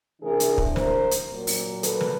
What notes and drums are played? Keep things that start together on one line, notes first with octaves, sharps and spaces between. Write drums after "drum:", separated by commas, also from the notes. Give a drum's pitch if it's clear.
C3 E3 A3 D4 G#4 A#4
drum: hi-hat
drum: kick
A#4 C5, drum: snare
drum: hi-hat
A#2 F#3 A#3
drum: open hi-hat
A4 B4, drum: hi-hat
drum: snare